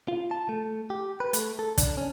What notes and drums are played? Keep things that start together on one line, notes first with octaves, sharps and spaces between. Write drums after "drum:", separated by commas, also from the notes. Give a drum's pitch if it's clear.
F4
A5
A3
G4
B4
A3, drum: hi-hat
A4
D4, drum: kick, hi-hat
C#4